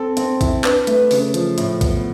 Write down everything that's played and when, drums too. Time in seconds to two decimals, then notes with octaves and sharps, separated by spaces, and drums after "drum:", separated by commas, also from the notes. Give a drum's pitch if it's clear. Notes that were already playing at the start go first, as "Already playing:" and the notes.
Already playing: C4 A4
0.17 C4, drum: hi-hat
0.41 E4, drum: kick, hi-hat
0.64 D4 B4, drum: clap
0.87 A3, drum: hi-hat
1.11 C#3, drum: open hi-hat
1.34 F3, drum: hi-hat
1.58 A2, drum: hi-hat
1.81 B3, drum: kick, hi-hat